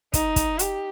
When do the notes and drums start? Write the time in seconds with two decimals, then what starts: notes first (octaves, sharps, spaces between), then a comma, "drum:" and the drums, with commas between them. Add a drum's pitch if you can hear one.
0.14 D#4, drum: kick, hi-hat
0.36 drum: kick, hi-hat
0.59 G4, drum: hi-hat